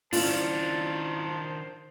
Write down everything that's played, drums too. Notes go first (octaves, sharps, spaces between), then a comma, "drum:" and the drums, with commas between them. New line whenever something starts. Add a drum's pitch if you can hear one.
D#3 C#4 D4 E4 F4 C5 D5 A5, drum: open hi-hat